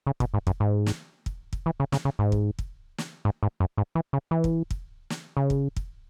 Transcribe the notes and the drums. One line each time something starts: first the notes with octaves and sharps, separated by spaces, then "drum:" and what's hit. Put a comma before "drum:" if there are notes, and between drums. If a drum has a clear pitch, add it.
C#3
B2, drum: kick
G#2
F#2, drum: kick
G#2
drum: snare
drum: kick
drum: kick
E3
C#3
C#3, drum: snare
C#3
G#2
drum: kick
drum: kick
drum: snare
G#2
G#2
F#2
G#2
E3
C#3
E3
drum: kick
drum: kick
drum: snare
C#3
drum: kick
drum: kick